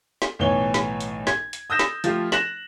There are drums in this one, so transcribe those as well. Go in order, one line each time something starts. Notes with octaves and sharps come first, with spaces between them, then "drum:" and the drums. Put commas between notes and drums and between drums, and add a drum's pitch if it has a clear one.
drum: snare
B1 A2 E3 C#5 G7
drum: snare
drum: hi-hat
G#6, drum: snare
drum: hi-hat
D#6 E6 G6 A#6 E7
drum: snare
F3 A3 F4 G4, drum: hi-hat
F#6 A#6 E7 F#7, drum: snare